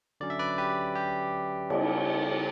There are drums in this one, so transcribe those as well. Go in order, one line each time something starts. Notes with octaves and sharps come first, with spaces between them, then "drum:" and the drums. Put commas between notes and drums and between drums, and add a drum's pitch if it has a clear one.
D3 F#3 C#4 D5
E5
B4 D5
G4 B4
G4
C#3 G3 B3, drum: cymbal